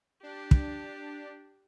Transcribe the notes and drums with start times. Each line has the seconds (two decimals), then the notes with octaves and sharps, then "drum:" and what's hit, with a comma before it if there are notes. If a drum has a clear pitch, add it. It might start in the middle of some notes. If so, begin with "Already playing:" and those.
0.23 D4 G4
0.51 drum: kick